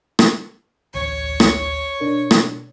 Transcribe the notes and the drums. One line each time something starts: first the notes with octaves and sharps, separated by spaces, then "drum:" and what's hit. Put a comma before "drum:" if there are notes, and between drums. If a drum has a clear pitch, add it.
drum: rim click
A1 D2 C#5 G#6
drum: rim click
B2 D4 A#4
drum: rim click